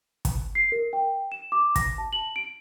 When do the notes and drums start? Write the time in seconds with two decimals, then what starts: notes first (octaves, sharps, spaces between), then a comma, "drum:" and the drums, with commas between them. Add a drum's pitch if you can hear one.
0.25 drum: kick, hi-hat
0.55 C7
0.72 A#4
0.93 G5
1.32 E7
1.52 D6
1.76 A#6, drum: kick, hi-hat
1.98 A5
2.13 F#7
2.36 D7